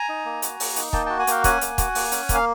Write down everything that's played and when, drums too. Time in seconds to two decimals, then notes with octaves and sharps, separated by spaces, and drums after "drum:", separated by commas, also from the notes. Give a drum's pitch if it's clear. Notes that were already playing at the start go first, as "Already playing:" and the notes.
Already playing: G#5 A#5
0.09 D#4
0.25 A#3
0.42 F#4, drum: hi-hat
0.60 A#3, drum: open hi-hat
0.76 D#4, drum: hi-hat
0.93 A#3 G5 A5, drum: kick
1.06 F#4 G5 A5
1.19 F#5 G#5
1.27 A#3 F5 G5, drum: hi-hat
1.44 C#4 F#5 G#5, drum: kick, hi-hat
1.61 A#3, drum: hi-hat
1.78 F#4, drum: kick, hi-hat
1.95 A#3, drum: open hi-hat
2.12 C#4, drum: hi-hat
2.29 A#3, drum: kick, hi-hat
2.35 F5